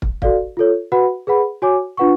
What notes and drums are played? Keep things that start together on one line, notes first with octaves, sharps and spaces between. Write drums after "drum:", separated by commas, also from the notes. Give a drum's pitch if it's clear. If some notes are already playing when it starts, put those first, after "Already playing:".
drum: kick
F#4 A4 D5 F5, drum: kick
F4 A4 C#5
F#4 B4 F#5 B5
G#4 B4 F#5 B5
F#4 C#5 G#5 D6
D4 F4 B4 F#5 C#6